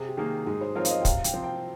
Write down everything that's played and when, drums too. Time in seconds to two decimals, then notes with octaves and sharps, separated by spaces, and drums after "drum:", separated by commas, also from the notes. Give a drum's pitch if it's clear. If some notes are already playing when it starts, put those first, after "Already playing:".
Already playing: C3 G#4
0.08 G4
0.17 D#3 A#3 G#4
0.46 G#2 G#4
0.61 C5
0.75 F3 C4 F4 A#4 C#5
0.85 F5, drum: hi-hat
0.90 D#5
1.01 G5
1.05 C3 F5, drum: kick, hi-hat
1.24 G5, drum: hi-hat
1.33 F3 C4
1.44 G5